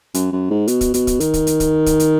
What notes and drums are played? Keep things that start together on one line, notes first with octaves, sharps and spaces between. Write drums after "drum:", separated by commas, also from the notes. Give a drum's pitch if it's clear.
F#2, drum: hi-hat
F#2
G#2
B2, drum: hi-hat
drum: kick, hi-hat
B2, drum: hi-hat
drum: kick, hi-hat
D#3, drum: hi-hat
drum: kick, hi-hat
drum: hi-hat
drum: kick, hi-hat
drum: kick, hi-hat
drum: hi-hat